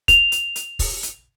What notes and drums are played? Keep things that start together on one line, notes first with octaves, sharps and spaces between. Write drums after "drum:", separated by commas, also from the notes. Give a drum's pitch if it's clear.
F7, drum: kick, hi-hat
drum: hi-hat
drum: hi-hat
drum: kick, open hi-hat
drum: hi-hat